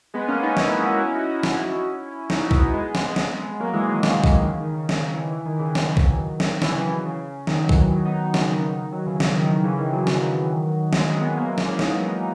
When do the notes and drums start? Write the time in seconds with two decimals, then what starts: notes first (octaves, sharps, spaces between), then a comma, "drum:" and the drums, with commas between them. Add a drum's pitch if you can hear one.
0.14 G#3 B3
0.28 A#3 C#4
0.43 B3 D#4
0.57 C#4 E4, drum: snare
0.72 C#4 E4
0.86 D#4 F#4
1.00 C#4 E4
1.14 D#4 F#4
1.29 D#4 F#4
1.43 C#4 E4, drum: snare
2.30 D#4 F#4, drum: snare
2.51 E4, drum: kick
2.59 B3 D#4
2.74 G#3 B3
2.95 drum: snare
3.16 drum: snare
3.60 F#3 A#3
3.73 E3 G#3
3.88 D#3 F#3
4.03 C#3 E3, drum: snare
4.24 D#3, drum: kick
4.46 C#3
4.60 D#3
4.74 C#3
4.89 D#3, drum: snare
5.04 C#3
5.13 E3
5.18 D#3
5.31 E3
5.45 D#3
5.59 C#3 E3
5.75 D#3 F#3, drum: snare
5.97 drum: kick
6.40 drum: snare
6.62 C#3 E3, drum: snare
7.05 C#3
7.47 D#3, drum: snare
7.64 F#3
7.69 C#3 E3, drum: kick
7.91 D#3 F#3
8.05 B3 D#4
8.34 C#3, drum: snare
8.77 D#3
8.92 D#3 F#3
9.06 C#3 E3
9.20 C#3, drum: snare
9.35 D#3
9.49 D#3
9.64 C#3 E3
9.78 D#3
9.93 D#3 F#3
10.07 drum: snare
10.93 E3 G#3, drum: snare
11.07 E3 G#3
11.21 G#3 B3
11.37 F#3 A#3
11.47 E3 G#3
11.58 F#3 A#3, drum: snare
11.68 A#3 C#4
11.79 B3 D#4, drum: snare
12.02 B3 D#4